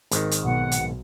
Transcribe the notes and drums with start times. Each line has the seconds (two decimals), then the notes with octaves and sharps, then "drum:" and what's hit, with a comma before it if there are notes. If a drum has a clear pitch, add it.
0.11 G#1 D#3, drum: hi-hat
0.31 drum: hi-hat
0.44 B1 F#5
0.71 drum: hi-hat